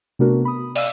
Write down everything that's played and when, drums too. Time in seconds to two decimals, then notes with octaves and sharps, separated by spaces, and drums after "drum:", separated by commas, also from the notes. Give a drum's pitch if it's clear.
0.19 C3 A3 B3 D4 F#4 A#4
0.45 B5 D#6
0.75 D5 F5 E6, drum: cymbal